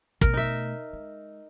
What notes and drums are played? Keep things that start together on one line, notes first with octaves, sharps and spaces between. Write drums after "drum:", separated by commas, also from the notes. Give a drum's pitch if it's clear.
B2 A3 A#4, drum: kick
D#4 E5
G#3